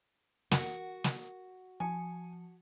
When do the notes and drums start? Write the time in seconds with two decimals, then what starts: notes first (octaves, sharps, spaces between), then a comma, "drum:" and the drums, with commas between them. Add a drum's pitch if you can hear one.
0.51 F#4 A#4, drum: snare
1.04 drum: snare
1.80 F3 G#5 A5 C#7